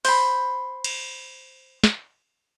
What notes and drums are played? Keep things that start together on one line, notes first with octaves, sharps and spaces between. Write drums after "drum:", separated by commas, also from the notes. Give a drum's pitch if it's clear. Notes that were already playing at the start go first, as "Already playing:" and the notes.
C5 B5, drum: open hi-hat
drum: cymbal
drum: snare